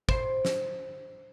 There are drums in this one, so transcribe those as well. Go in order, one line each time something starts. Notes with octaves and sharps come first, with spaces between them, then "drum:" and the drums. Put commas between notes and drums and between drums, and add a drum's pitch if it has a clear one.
C5, drum: kick
drum: snare